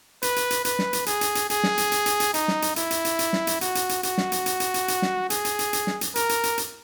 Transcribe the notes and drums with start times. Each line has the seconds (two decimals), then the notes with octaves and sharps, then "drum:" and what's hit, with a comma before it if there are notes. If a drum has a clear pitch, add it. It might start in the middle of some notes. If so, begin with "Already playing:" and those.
0.22 B4, drum: hi-hat
0.36 drum: hi-hat
0.50 drum: hi-hat
0.65 B4, drum: hi-hat
0.79 drum: snare
0.93 drum: hi-hat
1.06 G#4, drum: hi-hat
1.21 drum: hi-hat
1.35 drum: hi-hat
1.50 G#4, drum: hi-hat
1.63 drum: snare
1.78 drum: hi-hat
1.92 drum: hi-hat
2.06 drum: hi-hat
2.20 drum: hi-hat
2.34 D#4, drum: hi-hat
2.48 drum: snare
2.62 drum: hi-hat
2.76 E4, drum: hi-hat
2.91 drum: hi-hat
3.05 drum: hi-hat
3.19 drum: hi-hat
3.33 drum: snare
3.47 drum: hi-hat
3.61 F#4, drum: hi-hat
3.75 drum: hi-hat
3.89 drum: hi-hat
4.03 F#4, drum: hi-hat
4.18 drum: snare
4.32 drum: hi-hat
4.46 drum: hi-hat
4.60 drum: hi-hat
4.74 drum: hi-hat
4.88 drum: hi-hat
5.02 drum: snare
5.30 G#4, drum: hi-hat
5.45 drum: hi-hat
5.59 drum: hi-hat
5.73 drum: hi-hat
5.87 drum: snare
6.01 drum: hi-hat
6.16 A#4, drum: hi-hat
6.29 drum: hi-hat
6.43 drum: hi-hat
6.58 drum: hi-hat